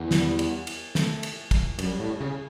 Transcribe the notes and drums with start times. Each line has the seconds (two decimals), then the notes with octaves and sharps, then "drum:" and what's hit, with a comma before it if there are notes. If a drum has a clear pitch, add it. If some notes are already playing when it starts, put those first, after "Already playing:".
Already playing: E2
0.11 G3, drum: snare
0.39 drum: cymbal
0.67 drum: cymbal
0.95 A3, drum: snare
1.23 drum: cymbal
1.51 drum: kick, cymbal
1.79 F#2 G3, drum: cymbal
2.00 A2
2.21 C#3